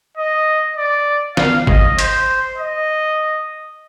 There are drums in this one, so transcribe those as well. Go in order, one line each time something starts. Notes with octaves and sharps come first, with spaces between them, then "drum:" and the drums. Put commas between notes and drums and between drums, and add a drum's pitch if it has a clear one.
D#5
D5
F5, drum: snare B3
D#5, drum: kick G1
C5, drum: hi-hat
D#5